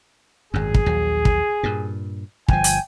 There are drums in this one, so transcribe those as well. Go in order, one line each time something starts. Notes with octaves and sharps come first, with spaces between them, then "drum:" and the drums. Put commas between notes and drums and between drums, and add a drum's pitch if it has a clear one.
G#1 F#2 G#4
drum: kick
A#1 D#2 F#3
drum: kick
G2 A#2
G1 F3 G5 G#5, drum: kick
drum: hi-hat